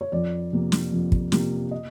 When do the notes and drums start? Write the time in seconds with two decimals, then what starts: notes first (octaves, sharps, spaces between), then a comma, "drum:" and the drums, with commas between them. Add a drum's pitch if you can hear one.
0.01 C#5
0.12 F2 D5
0.53 C3 F3 A#3
0.72 drum: snare
0.92 F2
1.12 drum: kick
1.32 C3 F3 A#3, drum: snare
1.71 D#5